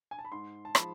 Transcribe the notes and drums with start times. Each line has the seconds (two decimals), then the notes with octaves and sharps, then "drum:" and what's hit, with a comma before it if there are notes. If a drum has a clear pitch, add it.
0.11 G#5
0.19 A5
0.25 B5
0.32 G#2 C6
0.65 A5
0.75 F3 G#3 B5, drum: rim click